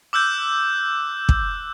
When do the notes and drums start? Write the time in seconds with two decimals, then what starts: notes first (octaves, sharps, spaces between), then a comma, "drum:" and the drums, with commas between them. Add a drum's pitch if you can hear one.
0.13 D6 E6 F#6 G6
1.29 drum: kick